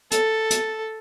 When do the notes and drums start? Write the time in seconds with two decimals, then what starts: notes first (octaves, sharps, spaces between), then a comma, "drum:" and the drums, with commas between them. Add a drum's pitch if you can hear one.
0.11 A4, drum: hi-hat
0.50 drum: hi-hat